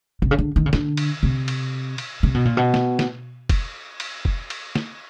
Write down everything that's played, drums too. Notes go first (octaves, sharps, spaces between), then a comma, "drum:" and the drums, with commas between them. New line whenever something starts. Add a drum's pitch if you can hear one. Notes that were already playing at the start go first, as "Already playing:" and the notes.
C3, drum: kick
C#3
D3
D#3
C#3
D3, drum: snare
drum: cymbal
C3
drum: cymbal
drum: cymbal
C3
B2
A#2
B2
drum: snare
drum: snare
drum: kick, cymbal
drum: cymbal
drum: kick
drum: cymbal
drum: snare